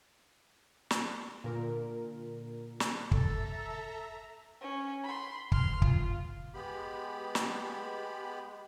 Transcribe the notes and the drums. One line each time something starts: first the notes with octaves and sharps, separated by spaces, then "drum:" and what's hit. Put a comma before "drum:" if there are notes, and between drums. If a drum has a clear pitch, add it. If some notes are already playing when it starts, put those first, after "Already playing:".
drum: snare
A#2 D3 A#4
drum: snare
A4 E5 A#5, drum: kick
C#4
B5 C6
C6 F6, drum: kick
F4, drum: kick
G#3 B3 G4 B5
drum: snare